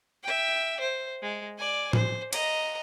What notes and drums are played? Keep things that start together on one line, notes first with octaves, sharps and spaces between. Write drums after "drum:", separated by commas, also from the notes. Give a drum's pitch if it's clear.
E5 G5
C5
G#3
D5 G#5
C5, drum: tom A2
D#5 A#5, drum: cymbal